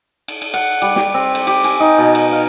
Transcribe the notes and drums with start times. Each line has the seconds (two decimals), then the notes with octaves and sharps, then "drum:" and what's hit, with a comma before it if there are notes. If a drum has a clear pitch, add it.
0.28 drum: cymbal
0.42 drum: cymbal
0.54 F#5, drum: cymbal
0.82 G3, drum: cymbal
0.96 G4, drum: snare
1.14 C4
1.35 drum: cymbal
1.47 G4, drum: cymbal
1.64 G#5, drum: cymbal
1.80 D#4
1.98 B2
2.15 drum: cymbal
2.32 F5